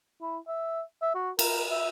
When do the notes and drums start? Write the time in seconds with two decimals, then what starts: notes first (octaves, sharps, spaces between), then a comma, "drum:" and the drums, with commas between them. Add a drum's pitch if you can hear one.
0.21 E4
0.47 E5
1.02 E5
1.15 F#4
1.39 A#4, drum: cymbal
1.70 E5